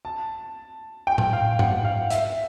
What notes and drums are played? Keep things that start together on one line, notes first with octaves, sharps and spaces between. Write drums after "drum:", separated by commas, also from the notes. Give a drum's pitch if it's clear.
A5
G5
drum: tom A2
F5
F#5, drum: tom G#2
F5
E5, drum: hi-hat